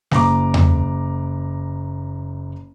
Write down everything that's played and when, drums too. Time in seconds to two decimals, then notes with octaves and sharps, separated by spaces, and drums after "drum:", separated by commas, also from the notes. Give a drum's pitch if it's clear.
0.11 F#1 A#5 D6, drum: snare
0.54 drum: tom E2